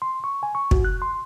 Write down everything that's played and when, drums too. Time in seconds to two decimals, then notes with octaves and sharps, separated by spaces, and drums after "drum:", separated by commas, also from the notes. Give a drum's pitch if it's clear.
0.02 C6
0.24 C#6
0.43 G#5
0.55 C#6
0.71 F#4, drum: kick
0.85 F#6
1.02 C6